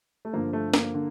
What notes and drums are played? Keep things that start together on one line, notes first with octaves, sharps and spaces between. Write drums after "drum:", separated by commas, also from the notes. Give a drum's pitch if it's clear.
A3
G2 D3 F3 A#3
A3
A#3, drum: snare
D3